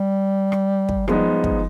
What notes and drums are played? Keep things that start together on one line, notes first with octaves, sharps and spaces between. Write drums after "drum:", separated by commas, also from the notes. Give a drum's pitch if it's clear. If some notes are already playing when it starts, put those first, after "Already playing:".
Already playing: G3
drum: rim click
drum: kick
F3 G3 G#3 B3 D#4, drum: rim click
F#3
G3
drum: kick